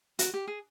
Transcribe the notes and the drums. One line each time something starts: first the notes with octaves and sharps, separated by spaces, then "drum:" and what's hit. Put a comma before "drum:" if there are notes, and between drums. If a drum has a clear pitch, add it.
F#4, drum: hi-hat
G4
G#4